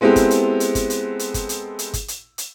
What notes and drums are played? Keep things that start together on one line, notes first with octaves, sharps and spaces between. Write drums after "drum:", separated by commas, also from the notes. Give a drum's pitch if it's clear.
G#3 B3 C4 E4 G4 A4
drum: kick G1, hi-hat
drum: hi-hat
drum: hi-hat
drum: kick G1, hi-hat
drum: hi-hat
drum: hi-hat
drum: kick G1, hi-hat
drum: hi-hat
drum: hi-hat
drum: kick G1, hi-hat
drum: hi-hat
drum: hi-hat